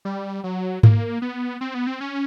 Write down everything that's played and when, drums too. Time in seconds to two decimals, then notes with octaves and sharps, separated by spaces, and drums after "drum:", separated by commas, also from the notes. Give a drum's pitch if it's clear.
0.05 G3
0.44 F#3
0.83 A#3, drum: tom G#2
1.22 B3
1.61 C4
1.75 B3
1.87 C4
2.01 C#4